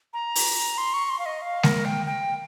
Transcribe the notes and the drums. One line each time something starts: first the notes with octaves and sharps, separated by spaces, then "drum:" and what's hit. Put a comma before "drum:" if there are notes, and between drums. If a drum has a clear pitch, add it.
A#5
drum: open hi-hat
C6
C#6
C6
F5
D#5
F5
A#4, drum: snare G#3
G5
G5